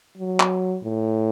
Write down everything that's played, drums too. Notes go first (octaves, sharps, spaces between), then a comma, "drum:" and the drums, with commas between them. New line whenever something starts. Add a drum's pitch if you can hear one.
F#3
drum: clap
A2